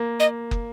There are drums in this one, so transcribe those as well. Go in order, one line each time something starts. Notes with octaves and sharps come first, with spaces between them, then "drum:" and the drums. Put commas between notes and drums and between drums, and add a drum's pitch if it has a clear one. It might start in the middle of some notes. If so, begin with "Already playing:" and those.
Already playing: A#3
D#5
drum: kick